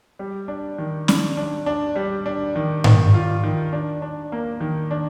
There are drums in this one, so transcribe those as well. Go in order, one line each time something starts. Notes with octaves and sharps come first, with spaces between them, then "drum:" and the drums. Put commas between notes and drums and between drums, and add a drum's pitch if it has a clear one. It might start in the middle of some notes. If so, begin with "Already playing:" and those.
G3
D4
D#3
D4, drum: snare C#4
D4
D4
G3
D4
D#3
D#3, drum: tom G#2
F4
D#3
D4
D4
A#3
D#3
D4